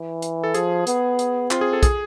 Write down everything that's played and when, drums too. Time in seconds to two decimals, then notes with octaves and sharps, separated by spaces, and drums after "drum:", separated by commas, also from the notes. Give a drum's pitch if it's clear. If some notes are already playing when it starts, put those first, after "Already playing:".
Already playing: E3
0.22 drum: hi-hat
0.44 A4
0.54 F3 G#4, drum: hi-hat
0.87 B3, drum: hi-hat
1.19 drum: hi-hat
1.51 C4 F4, drum: clap
1.61 G#4
1.73 A4
1.83 G#4, drum: kick, hi-hat